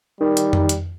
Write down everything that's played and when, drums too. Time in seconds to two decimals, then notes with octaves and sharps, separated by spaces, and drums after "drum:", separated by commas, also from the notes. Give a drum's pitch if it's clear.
0.21 D#3 G3
0.37 drum: hi-hat
0.53 drum: tom F2
0.69 drum: hi-hat